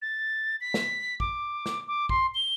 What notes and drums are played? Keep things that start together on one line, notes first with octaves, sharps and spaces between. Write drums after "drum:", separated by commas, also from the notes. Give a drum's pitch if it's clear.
A6
B6
drum: snare
D6, drum: kick
drum: snare
D6
C6, drum: kick
G7